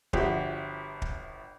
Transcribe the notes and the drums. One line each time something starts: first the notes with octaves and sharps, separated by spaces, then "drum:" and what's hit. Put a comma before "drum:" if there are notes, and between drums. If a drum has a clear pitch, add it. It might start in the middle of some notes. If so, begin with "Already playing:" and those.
G1 F3 F#4 G4 E5, drum: kick
drum: kick